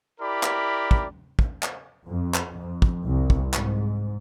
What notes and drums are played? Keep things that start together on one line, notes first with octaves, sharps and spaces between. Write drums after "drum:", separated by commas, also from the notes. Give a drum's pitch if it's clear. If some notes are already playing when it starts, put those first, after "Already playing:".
E4 G4 A#4 D5 B5
drum: clap
drum: kick
drum: kick
drum: clap
F2
drum: clap
F2
drum: kick
C2
drum: kick
G#2, drum: clap